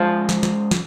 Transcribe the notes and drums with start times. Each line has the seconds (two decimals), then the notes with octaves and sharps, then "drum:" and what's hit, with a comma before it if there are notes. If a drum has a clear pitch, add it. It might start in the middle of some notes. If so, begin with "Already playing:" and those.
Already playing: F3 G#3 C#4 G#4 C5
0.29 drum: snare
0.43 drum: snare
0.71 drum: snare